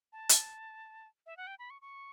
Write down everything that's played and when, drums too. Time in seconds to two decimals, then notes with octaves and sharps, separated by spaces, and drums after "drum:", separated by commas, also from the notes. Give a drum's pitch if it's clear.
0.13 A5
0.29 drum: hi-hat
1.26 E5
1.37 F#5
1.47 G5
1.59 B5
1.70 C#6
1.82 C#6